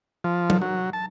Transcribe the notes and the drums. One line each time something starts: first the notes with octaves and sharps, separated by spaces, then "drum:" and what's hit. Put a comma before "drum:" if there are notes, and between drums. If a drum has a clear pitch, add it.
F3
drum: tom F#3
F#3
A5